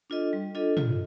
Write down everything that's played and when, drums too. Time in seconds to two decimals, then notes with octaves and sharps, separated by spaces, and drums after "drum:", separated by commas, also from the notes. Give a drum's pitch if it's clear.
0.10 D4 F4 A4 D#5
0.33 G3
0.55 D4 F4 A4 D#5
0.77 F4, drum: tom